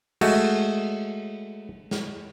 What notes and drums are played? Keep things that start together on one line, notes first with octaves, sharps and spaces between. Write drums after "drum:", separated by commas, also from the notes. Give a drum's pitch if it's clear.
G#3 A3 F#4, drum: cymbal
drum: snare